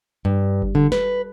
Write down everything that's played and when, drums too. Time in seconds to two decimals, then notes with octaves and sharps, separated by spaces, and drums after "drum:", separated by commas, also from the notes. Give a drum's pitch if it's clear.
0.25 G2
0.62 drum: kick F#1
0.75 D3
0.92 B4, drum: snare